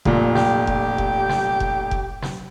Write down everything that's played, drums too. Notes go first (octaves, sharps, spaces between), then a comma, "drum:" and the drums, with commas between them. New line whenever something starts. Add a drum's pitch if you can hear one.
F1 A#2, drum: kick F1
G4, drum: snare
drum: kick F1
drum: kick F1
drum: snare
drum: kick F1
drum: kick F1
drum: snare